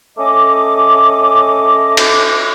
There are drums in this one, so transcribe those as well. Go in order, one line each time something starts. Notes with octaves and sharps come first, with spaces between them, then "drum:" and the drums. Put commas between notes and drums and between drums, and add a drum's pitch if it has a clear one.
A3 C#4 D#5 D6
drum: cymbal